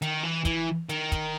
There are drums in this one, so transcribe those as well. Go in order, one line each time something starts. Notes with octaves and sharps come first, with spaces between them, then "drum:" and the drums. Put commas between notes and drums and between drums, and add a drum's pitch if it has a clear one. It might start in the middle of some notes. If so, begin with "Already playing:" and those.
D#3, drum: hi-hat
E3
E3, drum: kick, hi-hat
D#3, drum: hi-hat
drum: kick, hi-hat